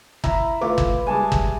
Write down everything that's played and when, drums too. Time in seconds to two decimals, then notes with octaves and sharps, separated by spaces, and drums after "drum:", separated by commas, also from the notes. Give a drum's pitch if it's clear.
0.24 E4 A#5, drum: kick
0.61 A3 F4 B4 D6
0.78 drum: kick
1.07 G3 G#3 G#5 A5 D6
1.32 drum: kick